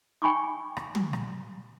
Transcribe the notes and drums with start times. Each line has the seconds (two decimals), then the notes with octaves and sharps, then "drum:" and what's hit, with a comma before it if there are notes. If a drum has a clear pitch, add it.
0.22 G5 G#5 B5 C#6 D6
0.77 drum: rim click
0.95 drum: tom
1.13 drum: rim click